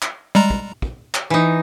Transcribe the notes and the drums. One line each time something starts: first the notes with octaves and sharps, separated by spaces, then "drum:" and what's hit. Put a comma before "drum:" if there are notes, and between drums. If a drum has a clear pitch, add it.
drum: clap
G3 G#3 A#5
drum: kick
drum: kick
drum: clap
E3 D#4